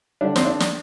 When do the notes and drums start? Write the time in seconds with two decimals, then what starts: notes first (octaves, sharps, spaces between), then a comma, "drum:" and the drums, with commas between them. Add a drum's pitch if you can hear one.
0.21 D3 G3 D4
0.36 C4, drum: snare
0.45 D4
0.60 drum: snare